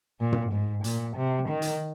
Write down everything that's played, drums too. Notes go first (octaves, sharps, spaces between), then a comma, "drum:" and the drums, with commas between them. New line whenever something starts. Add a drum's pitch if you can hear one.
A#2
drum: tom
G#2
A#2, drum: hi-hat
C3
D#3
drum: hi-hat